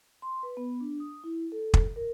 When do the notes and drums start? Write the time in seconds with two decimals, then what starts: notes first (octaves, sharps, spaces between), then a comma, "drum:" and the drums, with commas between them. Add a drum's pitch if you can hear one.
0.22 C6
0.43 B4
0.57 B3
0.81 D4
1.00 D#6
1.24 E4
1.52 A4
1.74 drum: kick
1.96 A#4